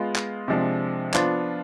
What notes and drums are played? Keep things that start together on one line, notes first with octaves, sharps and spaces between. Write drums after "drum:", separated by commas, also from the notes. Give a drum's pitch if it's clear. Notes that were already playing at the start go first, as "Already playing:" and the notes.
Already playing: G#3 B3 F4
drum: clap
C3 F3 G#3 D4
F3 B3 D4 F4, drum: clap